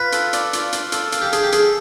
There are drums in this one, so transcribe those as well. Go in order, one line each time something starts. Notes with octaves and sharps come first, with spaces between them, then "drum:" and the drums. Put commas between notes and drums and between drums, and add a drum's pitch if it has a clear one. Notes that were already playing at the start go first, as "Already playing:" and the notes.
Already playing: F4 B4
A4, drum: hi-hat
D5, drum: hi-hat
F4, drum: hi-hat
F5, drum: hi-hat
A4, drum: hi-hat
F5, drum: hi-hat
G4
G#4 A4, drum: hi-hat
G4
G#4 A4, drum: hi-hat